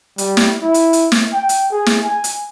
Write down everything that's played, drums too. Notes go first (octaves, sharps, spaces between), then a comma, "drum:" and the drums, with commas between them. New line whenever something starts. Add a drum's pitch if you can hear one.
G3, drum: hi-hat
drum: snare
E4
drum: hi-hat
drum: hi-hat
drum: snare
G5
drum: hi-hat
G#4
drum: snare
G#5
drum: hi-hat